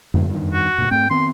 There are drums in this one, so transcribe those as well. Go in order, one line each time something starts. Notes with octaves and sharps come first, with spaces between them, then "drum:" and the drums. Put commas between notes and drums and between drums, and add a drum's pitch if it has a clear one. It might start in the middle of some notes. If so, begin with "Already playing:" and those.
F2 G#2, drum: tom F2
G2 D#3
F#4
D2 A#2
G#2 A3 C4 G5
D#3 B3 C4 C6